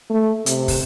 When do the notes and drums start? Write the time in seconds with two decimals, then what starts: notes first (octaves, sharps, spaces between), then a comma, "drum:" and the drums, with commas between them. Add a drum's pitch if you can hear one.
0.10 A3
0.46 C3, drum: hi-hat
0.68 drum: kick, open hi-hat